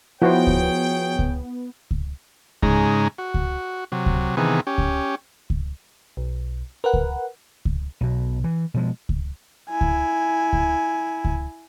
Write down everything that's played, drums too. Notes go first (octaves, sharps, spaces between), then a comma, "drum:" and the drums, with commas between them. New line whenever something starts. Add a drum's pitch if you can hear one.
F3 B3 E4 F#4 G#4 C5 C#5 G5
drum: kick C#2
drum: kick C#2
drum: kick C#2
G#2 C#3 G#3 D#4 A#5, drum: kick C#2
F#4
drum: kick C#2
C3 F#3
drum: kick C#2
C3 D#3 E3 B3 G#4
C#4 G4
drum: kick C#2
drum: kick C#2
B1
A#4 B4 F#5
drum: kick C#2
drum: kick C#2
B1 B2
E3
B2 F3 G#3
drum: kick C#2
E4 G#5
drum: kick C#2
drum: kick C#2
drum: kick C#2